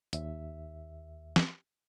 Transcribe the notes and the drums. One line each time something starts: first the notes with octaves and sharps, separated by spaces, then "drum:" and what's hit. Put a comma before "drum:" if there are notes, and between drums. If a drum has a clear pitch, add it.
D#2 E5, drum: hi-hat
drum: snare